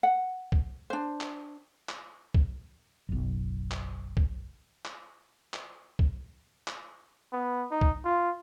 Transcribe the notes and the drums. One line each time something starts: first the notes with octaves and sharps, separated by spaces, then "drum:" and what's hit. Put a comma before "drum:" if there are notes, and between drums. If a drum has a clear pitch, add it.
F#5
drum: kick
D4 C5
drum: clap
drum: clap
drum: kick
F#1 B1
drum: clap
drum: kick
drum: clap
drum: clap
drum: kick
drum: clap
B3
D#4
drum: kick
F4